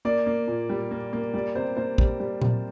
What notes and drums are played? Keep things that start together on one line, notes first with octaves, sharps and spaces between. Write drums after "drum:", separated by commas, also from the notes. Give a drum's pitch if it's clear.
A#3 D5
A#3
A#2
G3
A#3
A#3
G3 D5
C3 C5
A#3 C5
G3, drum: kick
G3
C3, drum: tom A#2